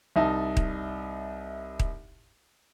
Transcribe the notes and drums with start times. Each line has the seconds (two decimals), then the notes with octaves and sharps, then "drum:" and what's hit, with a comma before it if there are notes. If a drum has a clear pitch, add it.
0.16 C2 D#4 E5 A5
0.57 drum: kick D#1
1.79 drum: kick D#1